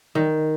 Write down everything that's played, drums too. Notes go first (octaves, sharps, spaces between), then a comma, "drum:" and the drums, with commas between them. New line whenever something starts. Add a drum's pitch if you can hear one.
D#3, drum: tom D#3